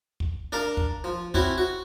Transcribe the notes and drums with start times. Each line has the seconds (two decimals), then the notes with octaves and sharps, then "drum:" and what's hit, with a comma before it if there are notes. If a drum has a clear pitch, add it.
0.20 drum: kick
0.52 D4 A#4 F5
0.77 drum: kick
1.04 F3
1.34 C4 C#4 E4 F#4, drum: kick
1.58 F#4